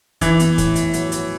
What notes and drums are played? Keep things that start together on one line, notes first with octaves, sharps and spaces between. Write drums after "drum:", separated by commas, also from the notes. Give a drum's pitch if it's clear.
E3 E4, drum: kick, hi-hat
B3, drum: hi-hat
A2, drum: kick, hi-hat
E4, drum: hi-hat
F#3, drum: hi-hat
F#3, drum: hi-hat